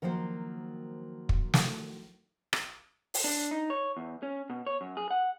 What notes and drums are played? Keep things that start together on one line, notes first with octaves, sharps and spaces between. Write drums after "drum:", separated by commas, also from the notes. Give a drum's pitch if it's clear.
D#3 F3 F#3 A#3 C5
drum: kick
drum: snare
drum: rim click
drum: open hi-hat
D4
D#4
C#5
E2
C#4
B2
C#5
F#2
G#4
F#5